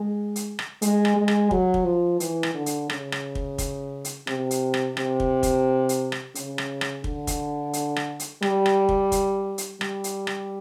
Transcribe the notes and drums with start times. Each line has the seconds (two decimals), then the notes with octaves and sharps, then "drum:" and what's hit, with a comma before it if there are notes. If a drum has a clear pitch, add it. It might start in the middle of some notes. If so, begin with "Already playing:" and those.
Already playing: G#3
0.36 drum: hi-hat
0.59 drum: rim click
0.82 G#3, drum: hi-hat
1.05 drum: rim click
1.17 G#3
1.28 drum: rim click
1.51 F#3, drum: kick
1.74 drum: kick
1.85 F3
2.20 E3, drum: hi-hat
2.43 drum: rim click
2.55 D3
2.66 drum: hi-hat
2.90 C#3, drum: rim click
3.12 drum: rim click
3.35 drum: kick
3.58 drum: kick, hi-hat
4.05 drum: hi-hat
4.27 C3, drum: rim click
4.51 drum: hi-hat
4.74 drum: rim click
4.97 C3, drum: rim click
5.20 drum: kick
5.43 drum: kick, hi-hat
5.89 drum: hi-hat
6.12 drum: rim click
6.35 C#3, drum: hi-hat
6.58 drum: rim click
6.81 drum: rim click
7.04 D3, drum: kick
7.27 drum: kick, hi-hat
7.73 drum: hi-hat
7.96 drum: rim click
8.19 drum: hi-hat
8.42 G3, drum: rim click
8.66 drum: rim click
8.89 drum: kick
9.12 drum: kick, hi-hat
9.58 drum: hi-hat
9.81 G3, drum: rim click
10.04 drum: hi-hat
10.27 drum: rim click